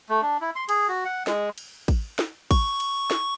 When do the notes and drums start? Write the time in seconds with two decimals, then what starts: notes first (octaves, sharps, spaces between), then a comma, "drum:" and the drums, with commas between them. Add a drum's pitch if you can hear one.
0.09 A3
0.22 D4
0.41 E4
0.56 C6
0.69 G#4, drum: cymbal
0.88 F#4
1.05 F#5
1.27 G#3, drum: snare
1.58 drum: cymbal
1.88 drum: kick, cymbal
2.19 drum: snare
2.51 C#6, drum: kick, cymbal
2.80 drum: cymbal
3.11 drum: snare